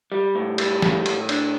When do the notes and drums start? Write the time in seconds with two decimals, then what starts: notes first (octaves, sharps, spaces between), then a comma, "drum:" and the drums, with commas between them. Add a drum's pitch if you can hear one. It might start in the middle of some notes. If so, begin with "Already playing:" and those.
0.12 G3
0.35 A2
0.58 G3, drum: cymbal
0.82 A2, drum: snare
1.06 A2, drum: cymbal
1.29 D4, drum: cymbal